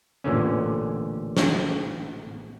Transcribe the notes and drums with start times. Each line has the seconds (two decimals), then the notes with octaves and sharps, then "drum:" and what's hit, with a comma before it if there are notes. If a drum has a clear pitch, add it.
0.24 A1 A#2 D3 C#4
1.37 drum: snare